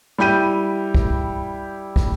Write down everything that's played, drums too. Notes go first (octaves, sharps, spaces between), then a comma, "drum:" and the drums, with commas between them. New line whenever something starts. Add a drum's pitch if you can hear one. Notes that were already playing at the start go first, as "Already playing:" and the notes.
G3 E4 G5 G6 D#7
drum: kick
drum: kick